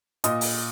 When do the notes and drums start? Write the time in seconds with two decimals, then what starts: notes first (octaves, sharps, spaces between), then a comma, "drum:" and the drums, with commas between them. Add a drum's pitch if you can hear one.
0.24 A#2 D#5 D#6, drum: hi-hat
0.41 drum: open hi-hat